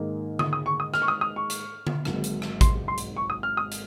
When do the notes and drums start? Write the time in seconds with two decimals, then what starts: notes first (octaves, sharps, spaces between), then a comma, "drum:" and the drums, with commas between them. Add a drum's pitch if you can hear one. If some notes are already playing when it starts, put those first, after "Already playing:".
Already playing: G#2 D#3 A#3 D#4
0.39 D#6, drum: tom D3
0.53 D#6
0.66 C#6
0.80 D#6
0.94 F6, drum: rim click
1.02 C#6
1.08 D#6
1.21 D#6
1.36 C#6
1.50 drum: hi-hat
1.87 drum: tom D3
2.05 G#1 G#2 F#3 A#3, drum: rim click
2.24 drum: hi-hat
2.42 drum: rim click
2.61 C6, drum: kick A1, hi-hat
2.88 C6
2.97 drum: hi-hat
3.17 C#6
3.30 D#6
3.43 F6
3.57 D#6
3.71 drum: hi-hat